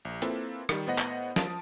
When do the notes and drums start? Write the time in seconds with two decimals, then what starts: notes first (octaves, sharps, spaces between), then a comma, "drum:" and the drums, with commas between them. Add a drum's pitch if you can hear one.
0.05 A#1
0.22 A#3 C4 E4 F4 A4 B4, drum: hi-hat
0.69 D#3 G3, drum: rim click
0.87 A2 B3 C5 D#5 F#5 A#6
0.98 drum: clap
1.36 F3 A5 D#6 D7, drum: snare